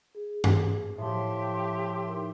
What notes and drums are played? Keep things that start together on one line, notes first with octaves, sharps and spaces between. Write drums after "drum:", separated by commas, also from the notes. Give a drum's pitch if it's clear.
G#4
drum: tom G2
A2 F3 G4 C#5 E5 A5 C6
D#4 A#4